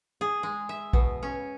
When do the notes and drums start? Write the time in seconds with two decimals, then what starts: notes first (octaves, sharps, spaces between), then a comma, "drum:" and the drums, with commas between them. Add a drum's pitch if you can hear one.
0.21 G#4
0.43 G#3
0.69 E5
0.93 B2, drum: kick A#1
1.23 C#4